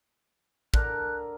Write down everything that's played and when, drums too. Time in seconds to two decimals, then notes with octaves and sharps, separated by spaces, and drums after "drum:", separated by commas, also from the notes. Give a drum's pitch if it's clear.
0.74 D3 D4 A#4 F#6, drum: kick